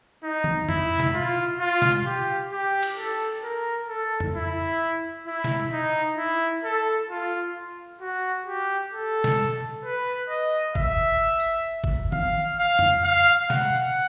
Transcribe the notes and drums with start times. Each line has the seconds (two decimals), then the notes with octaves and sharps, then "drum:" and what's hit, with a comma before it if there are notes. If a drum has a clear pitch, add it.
0.23 D#4
0.44 drum: tom
0.69 E4, drum: tom F2
1.00 drum: snare
1.14 F4
1.60 F4
1.82 drum: snare
2.06 G4
2.52 G4
2.83 drum: cymbal
2.97 A4
3.43 A#4
3.88 A4
4.20 drum: tom F2
4.35 E4
5.27 E4
5.44 drum: snare
5.72 D#4
6.18 E4
6.64 A4
7.10 F4
8.01 F#4
8.46 G4
8.93 A4
9.24 drum: snare
9.84 B4
10.29 D#5
10.75 E5, drum: kick
11.40 drum: tambourine
11.84 drum: kick
12.12 F5, drum: tom
12.59 F5
12.79 drum: tom F2
13.04 F5
13.50 F#5, drum: snare